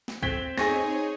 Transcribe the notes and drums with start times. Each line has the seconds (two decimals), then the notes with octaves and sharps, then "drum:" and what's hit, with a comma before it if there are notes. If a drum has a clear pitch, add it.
0.08 drum: snare
0.23 C4 G#6 B6 G7, drum: kick
0.58 D#4 G#4 C#5 G#5 C#6 A#6, drum: snare